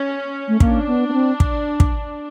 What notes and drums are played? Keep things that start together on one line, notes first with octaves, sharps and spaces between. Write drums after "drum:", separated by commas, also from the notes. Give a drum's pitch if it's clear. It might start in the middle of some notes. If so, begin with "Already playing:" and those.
Already playing: C#4
A3
A#3 D4, drum: kick
B3
B3
C4
drum: kick
drum: kick